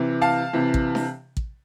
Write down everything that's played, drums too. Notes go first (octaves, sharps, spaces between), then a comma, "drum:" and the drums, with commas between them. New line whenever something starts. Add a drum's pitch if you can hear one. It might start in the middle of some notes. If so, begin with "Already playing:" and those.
Already playing: C3 E3
F5 A5
C3 E3
drum: kick
drum: snare D4
drum: kick